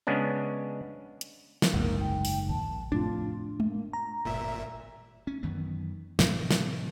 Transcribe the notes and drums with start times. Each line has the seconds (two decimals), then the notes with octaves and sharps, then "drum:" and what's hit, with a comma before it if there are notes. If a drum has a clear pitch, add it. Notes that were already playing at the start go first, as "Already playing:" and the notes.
0.07 C#3 G#3 B3 C#4 D4
1.21 drum: hi-hat
1.62 drum: snare
1.74 F#1 C2 G#2 A#3
2.00 G5
2.25 drum: open hi-hat
2.49 A#1 D#2 A5
2.92 F2 A2 C3 D4 F4
3.60 A#3, drum: tom G#3
3.93 A#5
4.25 G1 A#2 E5
5.27 C#4
5.43 F#2 D#3 E3 B3
6.19 A2 C3 E3 F#3, drum: snare
6.51 drum: snare